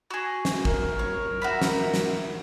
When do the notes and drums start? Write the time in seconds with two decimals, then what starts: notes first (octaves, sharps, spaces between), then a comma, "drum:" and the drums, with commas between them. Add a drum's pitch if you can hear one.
0.10 F#4 G#4
0.45 drum: snare
0.65 A#4, drum: kick
0.99 C#5
1.42 F#4 E5 B5
1.62 drum: snare
1.94 drum: snare